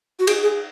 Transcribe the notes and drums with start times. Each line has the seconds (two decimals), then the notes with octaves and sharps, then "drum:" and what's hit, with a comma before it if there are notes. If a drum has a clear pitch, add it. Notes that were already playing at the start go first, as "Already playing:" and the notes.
0.19 F#4
0.27 G#4, drum: cymbal
0.43 G#4